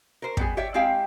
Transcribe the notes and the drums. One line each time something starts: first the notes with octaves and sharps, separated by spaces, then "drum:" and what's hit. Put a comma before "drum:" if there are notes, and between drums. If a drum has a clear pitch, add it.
A#4 C5
G3 B3 G#4, drum: kick
G4 C#5 D5 E5
G#3 C4 E4 G4 F5